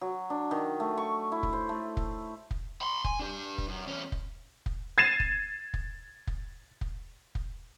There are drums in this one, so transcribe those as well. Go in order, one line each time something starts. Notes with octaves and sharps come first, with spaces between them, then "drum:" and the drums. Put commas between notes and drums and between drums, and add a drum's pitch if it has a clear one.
F#3
D4
D#3
A3
C#6
E4
drum: kick
C5
A3
drum: kick
drum: kick
B5 C6
G#5, drum: kick
D4 G4
drum: kick
F#2
E2 C#4
drum: kick
drum: kick
G#6 A6 C7 D#7 E7
drum: kick
drum: kick
drum: kick
drum: kick
drum: kick